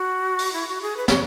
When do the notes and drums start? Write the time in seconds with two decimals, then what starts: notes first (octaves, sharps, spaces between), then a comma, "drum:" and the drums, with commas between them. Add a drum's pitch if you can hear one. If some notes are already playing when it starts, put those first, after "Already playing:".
Already playing: F#4
0.39 drum: open hi-hat
0.53 E4
0.68 F#4
0.82 G#4
0.97 B4
1.08 C#5, drum: snare